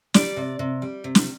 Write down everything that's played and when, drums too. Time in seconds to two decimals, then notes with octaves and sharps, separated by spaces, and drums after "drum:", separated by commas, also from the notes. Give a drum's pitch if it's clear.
0.14 G3 D5, drum: snare
0.37 C3
0.59 C3
0.82 G3
1.04 C3
1.15 drum: snare